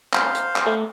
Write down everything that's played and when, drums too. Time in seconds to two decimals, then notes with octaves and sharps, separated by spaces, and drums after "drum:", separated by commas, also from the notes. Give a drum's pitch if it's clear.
0.13 C5 F5, drum: clap
0.35 drum: hi-hat
0.56 drum: clap
0.66 A3